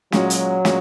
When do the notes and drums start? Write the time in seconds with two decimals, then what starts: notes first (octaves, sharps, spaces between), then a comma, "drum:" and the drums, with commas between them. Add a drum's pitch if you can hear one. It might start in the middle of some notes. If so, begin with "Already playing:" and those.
0.12 A#2 F#3 G#3 C#4 F#4, drum: snare
0.30 drum: hi-hat
0.65 A#2 G#3 C#4 F#4, drum: snare